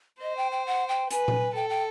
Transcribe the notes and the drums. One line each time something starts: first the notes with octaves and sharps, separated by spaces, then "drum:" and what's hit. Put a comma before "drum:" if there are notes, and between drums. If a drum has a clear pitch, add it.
C5 D#5
G5
G5
F#5
G5
B4 G#5, drum: hi-hat
drum: tom A#2
A4 G5
G5